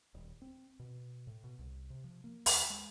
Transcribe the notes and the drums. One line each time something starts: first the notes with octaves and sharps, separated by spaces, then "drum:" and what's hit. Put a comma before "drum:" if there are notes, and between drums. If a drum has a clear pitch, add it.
D#1
C4
B2
A2
B2
C2
C3
F3
A#3
D#2, drum: open hi-hat
G#3